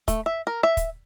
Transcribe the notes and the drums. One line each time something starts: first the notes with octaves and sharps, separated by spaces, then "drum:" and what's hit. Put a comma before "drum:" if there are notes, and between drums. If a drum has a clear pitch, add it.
A3, drum: kick, hi-hat
E5
A#4
E5
drum: kick, hi-hat